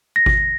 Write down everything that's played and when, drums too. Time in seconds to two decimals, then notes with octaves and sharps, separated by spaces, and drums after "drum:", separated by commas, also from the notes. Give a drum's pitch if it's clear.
0.16 A#6
0.26 drum: kick G#1